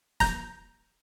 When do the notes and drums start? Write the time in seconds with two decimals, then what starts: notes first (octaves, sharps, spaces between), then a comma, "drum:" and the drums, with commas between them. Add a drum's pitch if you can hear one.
0.20 A#5 G6, drum: snare